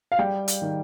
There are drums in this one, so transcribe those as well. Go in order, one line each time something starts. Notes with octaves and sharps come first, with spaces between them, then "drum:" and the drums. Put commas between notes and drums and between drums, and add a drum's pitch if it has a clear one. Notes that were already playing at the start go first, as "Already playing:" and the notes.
F5
G3 G5
drum: hi-hat
D#3